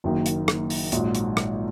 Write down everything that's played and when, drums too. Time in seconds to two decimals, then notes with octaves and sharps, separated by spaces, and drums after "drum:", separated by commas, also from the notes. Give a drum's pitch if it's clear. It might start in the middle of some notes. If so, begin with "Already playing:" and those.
0.04 F#1 F#2 D#3 A#3
0.26 drum: hi-hat
0.48 drum: rim click
0.70 drum: open hi-hat
0.92 A#1 G#2 F#3, drum: hi-hat
1.15 drum: hi-hat
1.37 drum: rim click